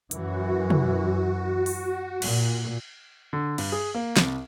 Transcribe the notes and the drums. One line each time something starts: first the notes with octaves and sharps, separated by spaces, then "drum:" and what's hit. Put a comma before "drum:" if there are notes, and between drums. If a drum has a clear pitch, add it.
F#2 E3 F#4, drum: hi-hat
drum: tom
drum: open hi-hat
A#2, drum: cymbal
D3
G2, drum: cymbal
G#4
A#3
C2, drum: snare